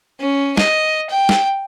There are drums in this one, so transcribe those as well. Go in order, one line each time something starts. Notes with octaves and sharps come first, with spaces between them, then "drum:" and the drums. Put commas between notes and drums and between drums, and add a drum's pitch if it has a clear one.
C#4
D#5, drum: snare
G5
drum: snare